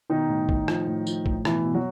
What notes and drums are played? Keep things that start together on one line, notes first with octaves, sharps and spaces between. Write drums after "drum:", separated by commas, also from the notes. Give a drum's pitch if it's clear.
B2 D#3 D#4
A2
A2, drum: kick
F3, drum: rim click
A2
F3, drum: tambourine
A2, drum: kick
B2 E3 E4, drum: rim click
B2
F#3 F#4